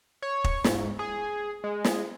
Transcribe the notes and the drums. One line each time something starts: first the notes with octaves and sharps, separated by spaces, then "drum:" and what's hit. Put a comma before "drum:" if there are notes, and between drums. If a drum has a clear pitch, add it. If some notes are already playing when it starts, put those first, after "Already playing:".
C#5
drum: kick
G#2, drum: snare
G#4
G#3
drum: snare